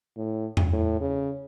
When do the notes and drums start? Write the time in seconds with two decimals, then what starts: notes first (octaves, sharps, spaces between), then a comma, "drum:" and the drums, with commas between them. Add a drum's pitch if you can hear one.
0.17 A2
0.57 drum: tom E2
0.73 A2
1.01 C#3